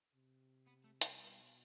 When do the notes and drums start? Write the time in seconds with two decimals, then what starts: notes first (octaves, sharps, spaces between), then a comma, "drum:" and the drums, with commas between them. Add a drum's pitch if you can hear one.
0.15 C3
0.66 B3
0.84 A3
1.01 G3, drum: hi-hat
1.19 B2